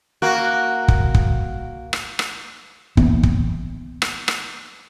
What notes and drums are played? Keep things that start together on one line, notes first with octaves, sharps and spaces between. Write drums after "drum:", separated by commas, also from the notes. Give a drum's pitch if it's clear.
A#3 F#4
drum: kick
drum: kick
drum: rim click
drum: rim click
E3 A#3 B3, drum: kick
drum: kick
drum: rim click
drum: rim click